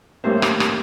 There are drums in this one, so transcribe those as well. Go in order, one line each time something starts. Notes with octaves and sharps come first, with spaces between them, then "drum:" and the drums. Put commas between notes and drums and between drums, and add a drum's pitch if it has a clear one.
A1 A2 G3 A#3 C5
drum: rim click
drum: rim click